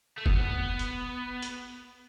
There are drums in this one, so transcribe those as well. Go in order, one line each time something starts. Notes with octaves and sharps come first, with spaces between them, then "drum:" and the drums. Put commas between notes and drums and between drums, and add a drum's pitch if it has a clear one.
A3
B3, drum: kick
drum: hi-hat
drum: hi-hat